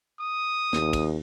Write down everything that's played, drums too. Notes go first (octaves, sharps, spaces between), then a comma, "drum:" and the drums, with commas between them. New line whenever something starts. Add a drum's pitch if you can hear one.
D#6
D#2, drum: snare
drum: kick, cymbal